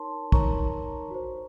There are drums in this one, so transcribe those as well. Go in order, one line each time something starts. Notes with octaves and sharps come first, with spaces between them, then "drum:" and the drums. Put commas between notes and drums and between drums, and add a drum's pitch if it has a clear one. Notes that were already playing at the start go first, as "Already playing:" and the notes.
Already playing: D#4 A#4 C#5 A5 C6
D#4 A#4 C#5 A#5 C#6, drum: kick
F#4 C5